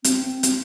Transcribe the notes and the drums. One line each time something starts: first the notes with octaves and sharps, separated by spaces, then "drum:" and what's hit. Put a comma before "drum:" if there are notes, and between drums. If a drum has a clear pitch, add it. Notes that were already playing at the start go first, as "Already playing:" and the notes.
C4, drum: hi-hat
drum: hi-hat